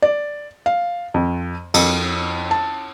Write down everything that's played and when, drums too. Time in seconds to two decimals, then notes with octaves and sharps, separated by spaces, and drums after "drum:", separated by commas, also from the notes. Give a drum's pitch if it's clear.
0.02 D5
0.66 F5
1.14 F2
1.74 F2, drum: cymbal
2.51 A5